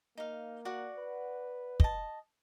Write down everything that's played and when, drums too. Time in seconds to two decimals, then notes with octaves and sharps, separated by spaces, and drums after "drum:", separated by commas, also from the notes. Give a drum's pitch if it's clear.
0.17 A#3 D#4 F5
0.65 F#4 D5 F#5
0.97 B4
1.80 D#5 A5, drum: kick